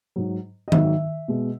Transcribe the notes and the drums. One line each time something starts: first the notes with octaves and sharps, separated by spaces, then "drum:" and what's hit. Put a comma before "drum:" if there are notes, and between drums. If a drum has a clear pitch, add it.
G#2 F#3
D#5
G#2 D#3 F#3 E5, drum: tom D#3
B2 G#3